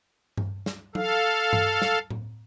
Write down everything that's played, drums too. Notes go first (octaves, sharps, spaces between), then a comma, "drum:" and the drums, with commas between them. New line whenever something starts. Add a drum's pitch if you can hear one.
drum: tom G2
drum: snare
A4 F5, drum: tom F#3
drum: tom G2
drum: snare
drum: tom A2